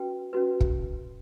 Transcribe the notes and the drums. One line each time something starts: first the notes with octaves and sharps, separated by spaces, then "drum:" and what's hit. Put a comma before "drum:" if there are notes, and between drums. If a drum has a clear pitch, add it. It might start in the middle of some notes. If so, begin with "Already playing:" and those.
Already playing: C#4 F#4 B4 G5
C#4 F#4 B4
drum: kick